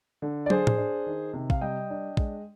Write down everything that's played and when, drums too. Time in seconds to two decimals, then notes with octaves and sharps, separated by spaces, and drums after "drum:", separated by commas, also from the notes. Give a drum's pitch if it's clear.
0.22 D3
0.46 D5
0.50 D4 G#4 C5, drum: tom
0.67 drum: tom A2
0.78 D4
1.06 D#3
1.33 C3
1.50 F5, drum: kick
1.61 G3 D#5 G5
1.90 D4
2.17 G#3, drum: kick